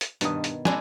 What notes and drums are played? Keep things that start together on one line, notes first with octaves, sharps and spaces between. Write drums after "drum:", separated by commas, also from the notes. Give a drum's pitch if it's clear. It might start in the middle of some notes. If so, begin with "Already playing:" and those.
drum: hi-hat
G2 B2 D#3 D#6, drum: hi-hat
drum: hi-hat
G#3 D4 E4 G#5, drum: snare